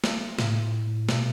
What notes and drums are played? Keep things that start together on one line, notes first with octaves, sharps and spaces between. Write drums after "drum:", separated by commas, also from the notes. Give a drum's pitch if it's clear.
drum: snare
A2, drum: snare
B2, drum: snare